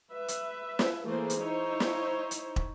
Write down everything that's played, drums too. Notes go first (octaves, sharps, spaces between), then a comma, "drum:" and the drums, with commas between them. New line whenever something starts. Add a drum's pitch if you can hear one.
B4 E5
drum: hi-hat
drum: snare
E3 A3 A#3 G#4 C5
drum: hi-hat
D#4 E4 C5 C#5
drum: snare
drum: hi-hat
drum: kick